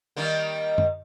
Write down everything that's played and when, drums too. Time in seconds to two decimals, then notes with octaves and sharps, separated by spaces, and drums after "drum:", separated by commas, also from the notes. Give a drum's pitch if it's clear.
0.16 D#3 G3 A#3
0.78 drum: tom F#2